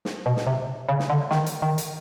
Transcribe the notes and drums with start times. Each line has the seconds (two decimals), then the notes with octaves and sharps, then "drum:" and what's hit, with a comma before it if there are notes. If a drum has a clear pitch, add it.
0.05 drum: snare
0.26 B2
0.36 drum: snare
0.47 C3
0.89 C#3
0.99 drum: snare
1.10 D3
1.31 D#3, drum: snare
1.46 drum: hi-hat
1.62 D#3
1.78 drum: hi-hat